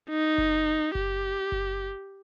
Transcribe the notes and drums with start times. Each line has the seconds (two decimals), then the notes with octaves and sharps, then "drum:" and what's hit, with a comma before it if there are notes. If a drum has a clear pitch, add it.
0.10 D#4
0.38 drum: kick F#1
0.95 G4, drum: kick F#1
1.52 drum: kick F#1